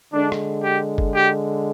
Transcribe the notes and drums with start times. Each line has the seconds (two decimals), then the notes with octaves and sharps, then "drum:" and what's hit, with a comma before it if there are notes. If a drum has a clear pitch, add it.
0.12 D3 G#3 D4
0.32 drum: rim click
0.64 G4
0.98 drum: kick G1
1.15 G4